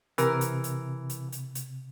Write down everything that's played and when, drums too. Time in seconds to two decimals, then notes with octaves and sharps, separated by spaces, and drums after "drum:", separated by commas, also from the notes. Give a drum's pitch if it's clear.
0.18 C3 E3 A#4, drum: hi-hat
0.41 drum: hi-hat
0.64 drum: hi-hat
1.10 drum: hi-hat
1.32 drum: hi-hat
1.55 drum: hi-hat